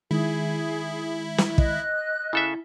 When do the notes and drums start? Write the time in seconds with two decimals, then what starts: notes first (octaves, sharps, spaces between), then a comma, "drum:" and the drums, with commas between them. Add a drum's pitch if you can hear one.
0.11 D#3 G#3 E4 G#4
1.38 drum: snare
1.58 D#5 F#6, drum: kick
2.33 C#3 E4 A4 E5